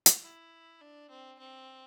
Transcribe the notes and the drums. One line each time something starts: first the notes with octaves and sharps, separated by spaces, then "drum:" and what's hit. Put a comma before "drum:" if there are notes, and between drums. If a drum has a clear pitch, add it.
drum: hi-hat
E4
D4
C4
C4